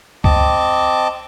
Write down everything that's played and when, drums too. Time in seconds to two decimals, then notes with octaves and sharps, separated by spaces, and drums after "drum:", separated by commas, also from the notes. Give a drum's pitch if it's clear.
0.24 C4 D#5 A5 D6, drum: kick C#2